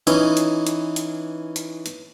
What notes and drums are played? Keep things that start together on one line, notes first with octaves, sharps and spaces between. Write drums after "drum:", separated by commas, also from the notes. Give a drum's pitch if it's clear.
E3 C#4 D#4, drum: hi-hat
drum: hi-hat
drum: hi-hat
drum: hi-hat
drum: hi-hat
drum: hi-hat